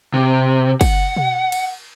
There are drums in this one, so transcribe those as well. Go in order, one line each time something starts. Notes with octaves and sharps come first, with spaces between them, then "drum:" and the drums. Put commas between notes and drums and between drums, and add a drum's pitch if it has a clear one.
C3
F#5, drum: kick, cymbal
drum: tom B2
drum: cymbal